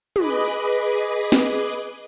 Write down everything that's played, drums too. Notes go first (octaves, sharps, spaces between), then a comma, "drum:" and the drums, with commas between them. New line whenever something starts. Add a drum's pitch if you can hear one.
G#4 B4 D#5 B5 D6, drum: tom
drum: snare